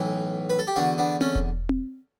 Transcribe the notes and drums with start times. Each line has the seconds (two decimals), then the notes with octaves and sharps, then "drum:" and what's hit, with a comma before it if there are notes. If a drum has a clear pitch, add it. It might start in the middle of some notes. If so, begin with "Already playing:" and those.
Already playing: B1 A2 E3
0.50 B4
0.59 A4
0.67 G4
0.76 E2 D3 D4 F#4
0.98 B3 D4
1.21 A3 C#4, drum: tom C4
1.35 drum: kick E1
1.69 drum: tom C4